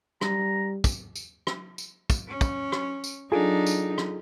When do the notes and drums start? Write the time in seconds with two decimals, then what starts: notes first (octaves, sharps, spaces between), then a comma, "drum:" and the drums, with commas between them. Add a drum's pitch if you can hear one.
0.21 G3 A#5, drum: rim click
0.84 drum: kick, tambourine
1.15 drum: tambourine
1.47 drum: rim click
1.78 drum: tambourine
2.10 drum: kick, tambourine
2.28 C#4
2.41 drum: kick, tambourine
2.72 drum: rim click
3.04 drum: tambourine
3.32 F#3 D4 D#4 F4 G#4 A4
3.66 drum: tambourine
3.98 drum: rim click